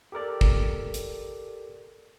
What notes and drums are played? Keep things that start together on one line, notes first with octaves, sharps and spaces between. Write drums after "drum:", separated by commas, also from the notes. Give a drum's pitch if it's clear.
G4 A4 A#4 D5
drum: kick
drum: hi-hat